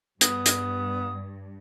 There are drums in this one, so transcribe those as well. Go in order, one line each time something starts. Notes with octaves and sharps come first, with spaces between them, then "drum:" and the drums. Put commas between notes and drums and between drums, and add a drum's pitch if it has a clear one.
G2 B3 D#6, drum: hi-hat
drum: hi-hat